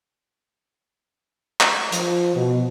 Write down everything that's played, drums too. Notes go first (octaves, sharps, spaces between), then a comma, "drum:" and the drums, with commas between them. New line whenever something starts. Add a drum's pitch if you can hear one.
drum: clap
F3, drum: hi-hat
B2